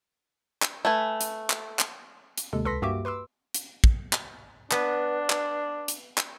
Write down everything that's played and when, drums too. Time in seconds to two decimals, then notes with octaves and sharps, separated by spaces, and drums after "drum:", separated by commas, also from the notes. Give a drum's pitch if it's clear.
0.62 drum: clap
0.85 A3 B4 G#5
1.21 drum: hi-hat
1.50 drum: clap
1.79 drum: clap
2.38 drum: hi-hat
2.53 D#2 C3 G#3 A4
2.65 C#2 A4 B4 C6 A#6 B6
2.82 G2 A#3 F#4 G4 E5 D6
3.05 B4 C6 D6 E6
3.54 drum: hi-hat
3.84 drum: kick
4.13 drum: clap
4.71 B3 D4, drum: clap
5.30 drum: clap
5.88 drum: hi-hat
6.18 drum: clap